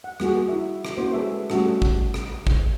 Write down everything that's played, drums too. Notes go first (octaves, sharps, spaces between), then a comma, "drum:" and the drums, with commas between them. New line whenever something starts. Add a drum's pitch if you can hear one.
F#5
G3 A#3 F#4 G#4, drum: rim click
E4 E5
drum: rim click
A#3 C#4 E4 F#4 C5
G#3 G#4 A4 B4 C#5 E5
G3 A3 C#4 F#4 A4, drum: rim click
drum: kick G#1
drum: rim click
drum: kick G#1